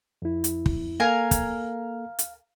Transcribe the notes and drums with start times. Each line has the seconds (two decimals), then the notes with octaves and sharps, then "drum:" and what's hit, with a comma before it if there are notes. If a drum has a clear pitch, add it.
0.22 F2 E4
0.44 drum: hi-hat
0.66 drum: kick
1.00 A#3 A4 A#4 F5 G#5
1.31 drum: kick, hi-hat
2.19 drum: hi-hat